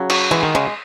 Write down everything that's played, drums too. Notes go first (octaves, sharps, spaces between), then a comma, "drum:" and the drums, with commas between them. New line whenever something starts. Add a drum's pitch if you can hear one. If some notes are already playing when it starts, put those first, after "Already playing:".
Already playing: C#3 F#3
F#4, drum: cymbal
E3 G#3
D#3
C#3 G#3